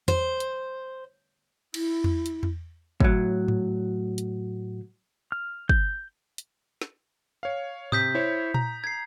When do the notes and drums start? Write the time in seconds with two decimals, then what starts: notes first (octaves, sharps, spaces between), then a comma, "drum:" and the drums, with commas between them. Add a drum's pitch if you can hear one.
0.08 C5, drum: tom E2
0.40 drum: hi-hat
1.74 E4, drum: cymbal
2.04 drum: tom E2
2.26 drum: hi-hat
2.43 drum: tom E2
3.00 A2 F#3, drum: kick
3.48 drum: tom G#2
4.18 drum: hi-hat
5.32 F6
5.69 G6, drum: kick
6.38 drum: hi-hat
6.82 drum: snare
7.43 C#5 F5
7.92 C3 D#6 G6 B6, drum: tom G#2
8.15 E4 C5 C#5
8.54 A#5, drum: tom A#2
8.84 G#6 C7